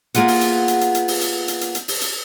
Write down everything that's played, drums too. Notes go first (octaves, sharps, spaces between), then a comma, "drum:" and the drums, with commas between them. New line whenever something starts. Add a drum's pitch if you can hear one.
A#3 B3 F4 G#4 F#5, drum: hi-hat
drum: open hi-hat
drum: hi-hat
drum: hi-hat
drum: hi-hat
drum: hi-hat
drum: open hi-hat
drum: hi-hat
drum: hi-hat
drum: hi-hat
drum: hi-hat
drum: open hi-hat
drum: hi-hat